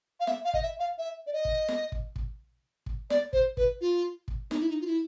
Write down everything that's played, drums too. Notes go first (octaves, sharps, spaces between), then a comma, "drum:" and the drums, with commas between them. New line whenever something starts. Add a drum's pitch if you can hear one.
F5
E5, drum: snare
F5
D#5, drum: kick
E5
F5
E5
D5
D#5
drum: kick
drum: snare
drum: kick
drum: kick
drum: kick
D5, drum: snare
C5, drum: kick
B4, drum: kick
F4
drum: kick
D#4, drum: snare
E4
D#4
F4
E4